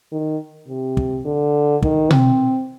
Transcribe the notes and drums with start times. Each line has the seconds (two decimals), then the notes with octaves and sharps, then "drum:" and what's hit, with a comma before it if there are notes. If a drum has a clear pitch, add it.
0.11 D#3
0.68 C3
0.97 drum: kick
1.25 D3
1.82 D#3, drum: kick
2.10 C4, drum: tom B2